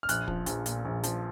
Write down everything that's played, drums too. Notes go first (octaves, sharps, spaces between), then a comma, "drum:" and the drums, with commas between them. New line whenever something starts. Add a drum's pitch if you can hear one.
F6
A#1 F#6, drum: hi-hat
F3, drum: kick
A#1, drum: hi-hat
A#2, drum: hi-hat
A#1
F3, drum: hi-hat